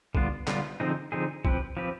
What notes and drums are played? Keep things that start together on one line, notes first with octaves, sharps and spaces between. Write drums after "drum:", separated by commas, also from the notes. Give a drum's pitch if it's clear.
D3 G3 B3 F4, drum: kick
D3 G3 B3 F4, drum: clap
D3 F3 C4 D#4 G#4
D3 F3 C4 D#4 G#4
F3 C4 G4 B4, drum: kick
F3 C4 G4 B4